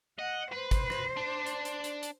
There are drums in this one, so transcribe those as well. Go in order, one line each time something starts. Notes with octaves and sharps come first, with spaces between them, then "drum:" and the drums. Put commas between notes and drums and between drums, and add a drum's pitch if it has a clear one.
D#5 F#5
B4 C5
drum: kick, hi-hat
drum: rim click
D4
drum: hi-hat
drum: hi-hat
drum: hi-hat
drum: hi-hat